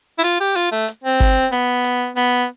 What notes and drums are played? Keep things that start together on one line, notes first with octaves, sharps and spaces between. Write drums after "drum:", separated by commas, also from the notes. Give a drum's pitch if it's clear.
E4
F4, drum: hi-hat
G4
F4, drum: hi-hat
A3
drum: hi-hat
C4
drum: kick G1, hi-hat
B3, drum: hi-hat
drum: hi-hat
B3, drum: hi-hat